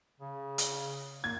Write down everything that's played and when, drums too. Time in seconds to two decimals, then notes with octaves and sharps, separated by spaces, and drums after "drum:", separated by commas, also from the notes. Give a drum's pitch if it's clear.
0.20 C#3
0.58 drum: hi-hat
1.24 A#3 G#6